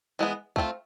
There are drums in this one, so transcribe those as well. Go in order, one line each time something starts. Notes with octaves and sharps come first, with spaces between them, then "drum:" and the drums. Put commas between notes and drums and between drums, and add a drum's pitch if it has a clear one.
E3 G#3 B3
A3 C4 F4, drum: kick